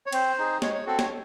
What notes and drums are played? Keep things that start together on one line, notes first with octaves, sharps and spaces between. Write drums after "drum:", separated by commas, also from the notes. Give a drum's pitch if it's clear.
C#5
C4 C5, drum: cymbal
D#4 G#4
G#3 C#5, drum: snare
C#5
C4 F#4 A4
C#5, drum: snare